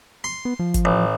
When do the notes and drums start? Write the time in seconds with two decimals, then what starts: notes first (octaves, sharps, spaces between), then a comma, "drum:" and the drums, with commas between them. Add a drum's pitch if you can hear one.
0.24 C6
0.45 B3
0.59 F3
0.74 drum: kick G1, hi-hat
0.85 A1